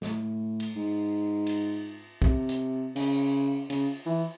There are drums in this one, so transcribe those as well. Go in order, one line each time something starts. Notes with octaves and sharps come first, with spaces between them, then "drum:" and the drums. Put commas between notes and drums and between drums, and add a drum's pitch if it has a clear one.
A2, drum: snare
drum: cymbal
G#2
drum: cymbal
C3, drum: kick
drum: hi-hat
C#3, drum: cymbal
C#3, drum: cymbal
E3